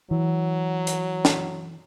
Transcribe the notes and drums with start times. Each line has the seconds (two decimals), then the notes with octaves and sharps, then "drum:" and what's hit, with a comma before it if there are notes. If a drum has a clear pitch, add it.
0.11 E3 F#3
0.87 drum: hi-hat
1.25 drum: snare